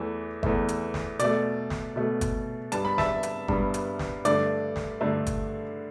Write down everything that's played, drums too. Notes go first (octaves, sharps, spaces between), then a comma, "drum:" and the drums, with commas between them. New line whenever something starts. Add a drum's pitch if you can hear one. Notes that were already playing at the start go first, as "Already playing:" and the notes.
Already playing: E2 E3 A3
E2 E3 A3, drum: kick G1
drum: hi-hat
drum: snare
B2 A3 D5, drum: hi-hat
drum: snare
B2 A3
drum: kick G1, hi-hat
G2 G3 B3 A5, drum: hi-hat
B5
E5 A5, drum: snare
drum: hi-hat
G2 G3 B3, drum: kick G1
drum: hi-hat
drum: snare
G2 D3 A3 D5, drum: hi-hat
drum: snare
G2 D3 A3
drum: kick G1, hi-hat